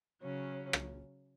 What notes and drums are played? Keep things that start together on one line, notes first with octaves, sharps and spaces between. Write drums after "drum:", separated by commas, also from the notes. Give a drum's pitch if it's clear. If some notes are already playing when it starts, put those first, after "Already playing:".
C#3 F#3 C#4
drum: rim click